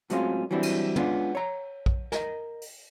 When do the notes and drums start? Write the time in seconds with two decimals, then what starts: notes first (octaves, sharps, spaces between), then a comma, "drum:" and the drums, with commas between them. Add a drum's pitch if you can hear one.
0.10 A2 F#3 G#3 C4 C#4 F4, drum: hi-hat
0.51 E3 F#3 G3 C4 D4 E4
0.63 drum: cymbal
0.96 G#3 B3 C#4 D4 F4, drum: tom
1.35 C#5 A#5
1.86 drum: kick A#1
2.12 A#4 D#5, drum: snare
2.61 drum: open hi-hat